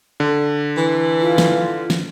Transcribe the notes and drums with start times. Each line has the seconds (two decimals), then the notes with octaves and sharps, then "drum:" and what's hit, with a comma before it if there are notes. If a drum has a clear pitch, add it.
0.20 D3
0.77 E3
1.21 F4
1.38 drum: snare
1.90 drum: snare